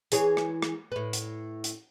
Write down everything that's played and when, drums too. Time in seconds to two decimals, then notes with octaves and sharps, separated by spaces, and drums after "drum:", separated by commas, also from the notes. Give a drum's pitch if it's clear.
0.12 E3 G#4 C#5, drum: hi-hat
0.37 drum: rim click
0.62 drum: rim click
0.92 A2 B4
1.13 drum: hi-hat
1.64 drum: hi-hat